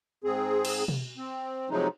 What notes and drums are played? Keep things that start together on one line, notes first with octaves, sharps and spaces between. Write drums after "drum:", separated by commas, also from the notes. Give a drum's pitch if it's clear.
G#2 C4 G#4
drum: cymbal
drum: tom B2
C4
C3 F3 F#3 G#3 A3 D#4